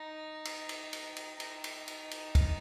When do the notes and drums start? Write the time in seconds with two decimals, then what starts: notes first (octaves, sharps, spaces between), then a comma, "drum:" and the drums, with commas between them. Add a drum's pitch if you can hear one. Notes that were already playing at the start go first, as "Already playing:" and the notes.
Already playing: D#4
0.45 drum: cymbal
0.69 drum: cymbal
0.93 drum: cymbal
1.16 drum: cymbal
1.40 D#4, drum: cymbal
1.64 drum: cymbal
1.88 drum: cymbal
2.11 drum: cymbal
2.35 drum: kick, cymbal